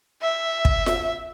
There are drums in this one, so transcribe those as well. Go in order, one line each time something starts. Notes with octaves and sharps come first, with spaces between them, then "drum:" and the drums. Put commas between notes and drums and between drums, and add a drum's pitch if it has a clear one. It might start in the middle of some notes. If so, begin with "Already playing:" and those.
E5
drum: kick
drum: snare F4